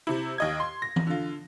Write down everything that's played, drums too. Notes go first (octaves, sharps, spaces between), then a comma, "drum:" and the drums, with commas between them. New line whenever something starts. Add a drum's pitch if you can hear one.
C3 E4
D#2 D#5 G#6
C6
A#6
drum: tom E3
D3 F4